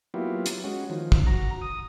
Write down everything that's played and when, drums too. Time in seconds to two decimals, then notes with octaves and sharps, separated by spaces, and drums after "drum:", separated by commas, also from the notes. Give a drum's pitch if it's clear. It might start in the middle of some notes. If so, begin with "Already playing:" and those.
0.14 F#3 A#3 B3 E4 F4 G4
0.46 drum: hi-hat
0.64 G#3 C#4 F#4
0.90 D#3 F3
1.12 drum: kick
1.26 F#4 A#5
1.61 D#6